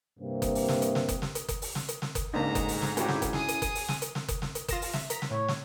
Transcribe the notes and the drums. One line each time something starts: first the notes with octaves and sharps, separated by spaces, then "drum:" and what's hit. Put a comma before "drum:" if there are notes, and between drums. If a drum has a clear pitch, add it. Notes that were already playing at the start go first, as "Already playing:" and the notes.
G2 C3 A#3 C4
drum: kick F#1, hi-hat
drum: open hi-hat
drum: snare
drum: hi-hat
drum: snare
drum: kick F#1, hi-hat
drum: snare
drum: hi-hat
drum: kick F#1, hi-hat
drum: open hi-hat
drum: snare
drum: hi-hat
drum: snare
drum: kick F#1, hi-hat
D2 G#2 C#3 A#3 D4 D#5 A#5
drum: kick F#1, hi-hat
drum: open hi-hat
drum: snare
C4 C#4 E4 F#4 G4 G#5, drum: hi-hat
drum: snare
drum: kick F#1, hi-hat
G#4 D#6, drum: snare
drum: hi-hat
drum: kick F#1, hi-hat
drum: open hi-hat
drum: snare
drum: hi-hat
drum: snare
drum: kick F#1, hi-hat
drum: snare
drum: hi-hat
F4 A#6 E7, drum: kick F#1, hi-hat
drum: open hi-hat
E5, drum: snare
A#5 B6, drum: hi-hat
drum: snare
A2 C#5
drum: snare